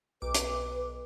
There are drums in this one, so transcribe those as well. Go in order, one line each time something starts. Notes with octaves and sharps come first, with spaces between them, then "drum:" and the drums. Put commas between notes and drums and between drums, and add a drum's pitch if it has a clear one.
B1 B4 D6
drum: hi-hat